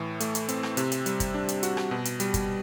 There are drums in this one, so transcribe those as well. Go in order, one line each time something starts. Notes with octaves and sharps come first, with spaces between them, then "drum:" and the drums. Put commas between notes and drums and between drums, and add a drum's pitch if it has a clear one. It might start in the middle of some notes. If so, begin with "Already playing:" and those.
Already playing: A2 E3
A3, drum: hi-hat
drum: hi-hat
C4, drum: hi-hat
drum: rim click
C3, drum: hi-hat
drum: hi-hat
G3, drum: hi-hat
drum: kick, hi-hat
D4
drum: hi-hat
F#4, drum: hi-hat
drum: rim click
B2
drum: hi-hat
G3, drum: hi-hat
drum: kick, hi-hat